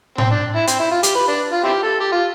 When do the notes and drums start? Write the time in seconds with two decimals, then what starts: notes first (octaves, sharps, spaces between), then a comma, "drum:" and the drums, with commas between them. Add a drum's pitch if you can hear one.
0.18 C4, drum: tom A2
0.31 D4
0.55 E4
0.67 C4, drum: hi-hat
0.79 E4
0.91 F4
1.03 G4, drum: hi-hat
1.15 B4
1.28 D4
1.52 F4
1.64 C4 E4 G4
1.83 A4
2.00 G4
2.12 F4